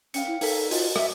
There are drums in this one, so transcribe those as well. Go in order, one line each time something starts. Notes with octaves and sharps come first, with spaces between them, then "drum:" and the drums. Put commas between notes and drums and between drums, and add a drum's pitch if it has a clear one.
C#4 F5 G5 C#7, drum: hi-hat
E4
D#4 A4 A#4 B6, drum: open hi-hat
F4 F#4 D#5, drum: open hi-hat
E5, drum: rim click